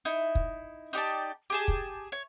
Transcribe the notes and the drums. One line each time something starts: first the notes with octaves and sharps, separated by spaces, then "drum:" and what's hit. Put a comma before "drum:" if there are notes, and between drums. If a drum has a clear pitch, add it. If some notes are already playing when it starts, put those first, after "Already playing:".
D#4 E4
drum: kick
D#4 G4 D5 A5
G4 G#4 A5
drum: kick
C#5